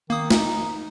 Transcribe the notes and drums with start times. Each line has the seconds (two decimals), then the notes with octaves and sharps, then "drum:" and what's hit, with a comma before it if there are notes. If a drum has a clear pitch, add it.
0.10 D#3 A#3 D#6
0.30 D#4, drum: snare